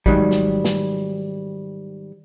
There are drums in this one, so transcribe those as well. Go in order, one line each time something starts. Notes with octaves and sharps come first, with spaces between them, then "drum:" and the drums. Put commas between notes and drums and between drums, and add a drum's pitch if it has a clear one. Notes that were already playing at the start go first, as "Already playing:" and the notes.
G#2 D#3 F#3 G3, drum: kick
drum: snare
drum: snare